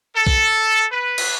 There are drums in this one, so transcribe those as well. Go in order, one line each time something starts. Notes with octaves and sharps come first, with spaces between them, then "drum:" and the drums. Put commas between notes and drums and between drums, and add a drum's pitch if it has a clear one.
A4
drum: kick B1
B4
drum: cymbal